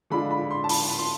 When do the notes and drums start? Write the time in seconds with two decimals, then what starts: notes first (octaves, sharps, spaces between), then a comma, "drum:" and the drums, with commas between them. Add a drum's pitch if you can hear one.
0.10 D3 G#3 D4 F4 B5
0.31 B5
0.50 C6
0.64 A5
0.69 B5, drum: open hi-hat
0.98 C6